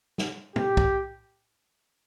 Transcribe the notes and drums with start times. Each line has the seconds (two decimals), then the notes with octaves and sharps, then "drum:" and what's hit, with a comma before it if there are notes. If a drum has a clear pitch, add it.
0.18 drum: snare
0.56 G4, drum: tom
0.77 drum: kick